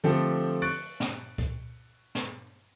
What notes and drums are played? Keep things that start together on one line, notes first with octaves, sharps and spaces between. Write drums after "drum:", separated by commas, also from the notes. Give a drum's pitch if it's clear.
D3 F3 A3 C4 G4 A4
C#6 F#6 A6 D7, drum: open hi-hat
drum: snare
drum: kick C#2, hi-hat
drum: snare